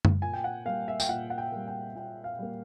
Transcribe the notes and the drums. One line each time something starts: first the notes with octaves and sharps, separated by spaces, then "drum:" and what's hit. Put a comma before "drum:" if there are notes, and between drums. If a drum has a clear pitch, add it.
drum: tom F#2
A#2 G#5
G5
F#5
G3 A#3 F5
E5
G5, drum: tambourine
A#2 F#5
F#5
G5
G3 A#3
G5
A#2 G5
F5
G3 A#3